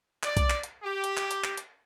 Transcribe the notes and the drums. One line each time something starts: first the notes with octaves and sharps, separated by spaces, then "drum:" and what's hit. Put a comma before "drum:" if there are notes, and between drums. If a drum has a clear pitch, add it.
D5, drum: clap
drum: kick B1, hi-hat
drum: clap
drum: hi-hat
G4
drum: hi-hat
drum: clap
drum: hi-hat
drum: clap
drum: hi-hat